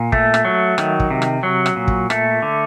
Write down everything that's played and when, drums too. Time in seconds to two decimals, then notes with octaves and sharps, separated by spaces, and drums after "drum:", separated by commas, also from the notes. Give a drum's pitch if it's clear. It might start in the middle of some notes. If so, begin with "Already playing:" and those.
Already playing: A#2
0.12 A3, drum: kick
0.34 drum: rim click
0.45 F#3
0.78 D#3, drum: rim click
1.00 drum: kick
1.10 C3
1.22 drum: rim click
1.43 F#3
1.66 drum: rim click
1.76 A#2
1.88 drum: kick
2.10 A3, drum: rim click
2.42 D3